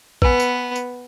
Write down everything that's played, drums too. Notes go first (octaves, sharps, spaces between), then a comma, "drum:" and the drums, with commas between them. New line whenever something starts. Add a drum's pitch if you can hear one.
B3 B4 G#5, drum: kick
drum: tambourine
drum: tambourine